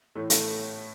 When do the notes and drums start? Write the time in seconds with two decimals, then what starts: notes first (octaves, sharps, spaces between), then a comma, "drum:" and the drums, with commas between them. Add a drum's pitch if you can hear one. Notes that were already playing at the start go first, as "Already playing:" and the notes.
0.15 A2 E3 A3
0.30 A3, drum: hi-hat